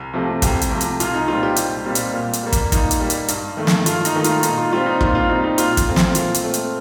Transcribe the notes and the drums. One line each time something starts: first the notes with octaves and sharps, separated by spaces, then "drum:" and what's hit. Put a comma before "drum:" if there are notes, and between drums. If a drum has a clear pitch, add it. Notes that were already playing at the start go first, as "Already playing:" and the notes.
Already playing: C2
C3 F3 A3
C2 G4, drum: kick, hi-hat
drum: hi-hat
C3 F3 A3
drum: hi-hat
C2 F4, drum: hi-hat
D#4
A#2 G3 C4 F4
G4
C2, drum: hi-hat
A#2 G3 C4
drum: hi-hat
A#2
drum: hi-hat
G3 A#3
drum: kick, hi-hat
A#2 D#4, drum: kick, hi-hat
drum: hi-hat
G3 A#3
drum: hi-hat
G2, drum: hi-hat
D#3 A3
drum: snare
G2 F4, drum: hi-hat
D#4, drum: hi-hat
D#3 A3 D#4
F4, drum: hi-hat
A#2 D#4, drum: hi-hat
F4
G3 C4 F4
D#4
A#2 F4, drum: kick
F4
G3 C4 D#4
D#4
A#2 F4, drum: hi-hat
drum: kick, hi-hat
A3 C4
drum: snare
A#2 F4, drum: hi-hat
drum: hi-hat
A3 C4
drum: hi-hat